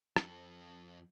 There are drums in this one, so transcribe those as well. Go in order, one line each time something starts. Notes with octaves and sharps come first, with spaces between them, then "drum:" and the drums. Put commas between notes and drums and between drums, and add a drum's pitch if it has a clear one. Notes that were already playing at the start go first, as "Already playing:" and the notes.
F2 A4, drum: rim click